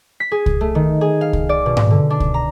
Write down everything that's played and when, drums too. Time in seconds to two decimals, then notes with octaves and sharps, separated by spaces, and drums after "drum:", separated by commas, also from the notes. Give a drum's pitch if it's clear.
0.20 B6
0.32 G#4
0.46 drum: kick C2
0.61 A3
0.75 D#3
1.01 G#4
1.21 F5
1.33 drum: kick C2
1.49 D5
1.66 B2
1.77 drum: tom G#2
1.90 D3
2.10 D4
2.20 drum: kick C2
2.34 A#5